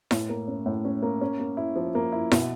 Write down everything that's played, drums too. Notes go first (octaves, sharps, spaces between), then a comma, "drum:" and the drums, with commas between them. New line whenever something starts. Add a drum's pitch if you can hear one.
A2, drum: snare E4
A#3
C#4
A2
C#4
A#3
C#4
A#3
E4
F3
A#3
E4
B2, drum: snare E4